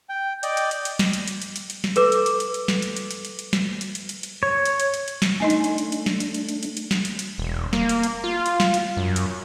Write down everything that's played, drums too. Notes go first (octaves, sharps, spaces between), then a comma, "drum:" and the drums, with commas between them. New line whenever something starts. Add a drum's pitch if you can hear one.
G5
D5 D#5 G5, drum: hi-hat
drum: hi-hat
drum: hi-hat
drum: hi-hat
drum: snare
drum: hi-hat
drum: hi-hat
drum: hi-hat
drum: hi-hat
drum: hi-hat
drum: snare
A4 B4 D6, drum: hi-hat
drum: hi-hat
drum: hi-hat
drum: hi-hat
drum: hi-hat
drum: snare
drum: hi-hat
drum: hi-hat
drum: hi-hat
drum: hi-hat
drum: hi-hat
drum: snare
drum: hi-hat
drum: hi-hat
drum: hi-hat
drum: hi-hat
C#5
drum: hi-hat
drum: hi-hat
drum: hi-hat
drum: hi-hat
drum: snare
A3 D4 D#4 D#5 G#5
drum: hi-hat
drum: hi-hat
drum: hi-hat
drum: hi-hat
drum: snare
drum: hi-hat
drum: hi-hat
drum: hi-hat
drum: hi-hat
drum: hi-hat
drum: snare
drum: hi-hat
drum: hi-hat
E1
A#3, drum: snare
drum: hi-hat
drum: hi-hat
F4
drum: hi-hat
drum: snare
drum: hi-hat
F#2
drum: hi-hat